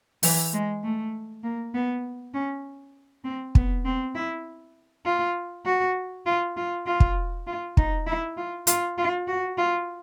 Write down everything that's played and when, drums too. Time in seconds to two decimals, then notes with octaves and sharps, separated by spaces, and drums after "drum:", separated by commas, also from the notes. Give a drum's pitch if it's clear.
0.23 E3, drum: open hi-hat
0.53 G#3
0.84 A3
1.43 A#3
1.74 B3
2.34 C#4
3.25 C4
3.55 B3, drum: kick
3.85 C4
4.15 E4
5.05 F4
5.66 F#4
6.26 F4
6.57 F4
6.87 F4
7.00 drum: kick
7.47 F4
7.77 D#4, drum: kick
8.06 E4
8.37 F4
8.67 F4, drum: hi-hat
8.98 F4
9.28 F#4
9.58 F4